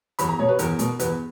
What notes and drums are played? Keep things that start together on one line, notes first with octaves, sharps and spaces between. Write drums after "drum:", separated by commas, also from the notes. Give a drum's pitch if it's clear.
E2 B5, drum: hi-hat
A#5
B2 C#5
B4
E2 A#4, drum: hi-hat
B2, drum: hi-hat
E2 B4, drum: hi-hat